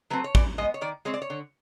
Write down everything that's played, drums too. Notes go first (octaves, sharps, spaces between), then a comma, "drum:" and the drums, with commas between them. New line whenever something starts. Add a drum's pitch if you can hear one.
F#3 A3 C4 B4
C#5
E3 D5, drum: kick
G#3 B3 D#5
C#5
D#3 D5
G#3 C4 C#5
D5
C#5
D3